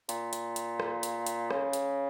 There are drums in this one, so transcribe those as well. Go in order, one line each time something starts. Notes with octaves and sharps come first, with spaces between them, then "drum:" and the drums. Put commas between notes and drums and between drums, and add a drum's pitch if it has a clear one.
A#2, drum: hi-hat
drum: hi-hat
drum: hi-hat
drum: rim click
drum: hi-hat
drum: hi-hat
C#3, drum: rim click
drum: hi-hat